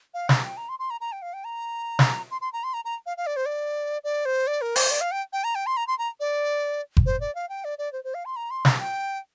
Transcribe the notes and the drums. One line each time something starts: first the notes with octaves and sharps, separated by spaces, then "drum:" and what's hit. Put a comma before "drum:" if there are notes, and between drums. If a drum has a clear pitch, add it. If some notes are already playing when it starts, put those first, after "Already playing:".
F5
A#5, drum: snare
G5
A#5
C6
C6
A#5
A#5
G5
F5
G5
A#5
drum: snare
C6
C6
A#5
C6
A#5
A#5
F5
F5
D5
C5
D5
D5
C5
D5
A#4
C5, drum: open hi-hat
D5
F5
G5
G5
A#5
G5
C6
A#5
C6
A#5
D5
drum: kick F#1
C5
D5
F5
G5
D5
D5
C5
C5
F5
C6
A#5
C6
A#5, drum: snare
G5